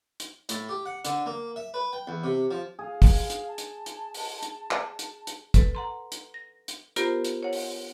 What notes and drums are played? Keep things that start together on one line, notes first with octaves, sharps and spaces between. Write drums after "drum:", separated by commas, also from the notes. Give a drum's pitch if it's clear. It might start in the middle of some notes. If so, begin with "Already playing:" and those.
drum: hi-hat
A2, drum: hi-hat
G4
F#5
D3, drum: hi-hat
A#3
E5
B4
G5
E2
C3
F3
G#4 F5
drum: kick, open hi-hat
drum: hi-hat
A5
drum: hi-hat
drum: hi-hat
drum: open hi-hat
drum: hi-hat
drum: clap
drum: hi-hat
drum: hi-hat
A4 B4, drum: kick, hi-hat
F#5 A#5 C6
drum: hi-hat
A#6
drum: hi-hat
B3 F4 G4 A#4 C5 A#5, drum: hi-hat
drum: hi-hat
C#5 F#5
drum: open hi-hat